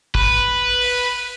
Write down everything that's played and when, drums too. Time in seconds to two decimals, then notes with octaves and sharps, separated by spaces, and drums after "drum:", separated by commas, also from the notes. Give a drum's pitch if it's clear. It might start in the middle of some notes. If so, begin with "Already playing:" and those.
0.15 B4, drum: kick
0.81 drum: open hi-hat